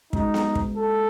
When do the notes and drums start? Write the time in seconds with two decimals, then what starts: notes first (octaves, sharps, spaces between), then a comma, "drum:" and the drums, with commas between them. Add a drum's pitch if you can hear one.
0.13 G#3 C#4 D#4 F#4, drum: kick
0.34 drum: snare B3
0.55 drum: kick
0.77 A4